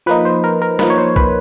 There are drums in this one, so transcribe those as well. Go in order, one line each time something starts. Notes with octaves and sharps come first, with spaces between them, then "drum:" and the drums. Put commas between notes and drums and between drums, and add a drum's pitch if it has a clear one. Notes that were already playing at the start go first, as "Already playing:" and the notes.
F3 A#3 D#4 B4
C5
A#4
A#4
F3 A#3 D#4 B4, drum: snare
C#5
C5
B4, drum: kick B1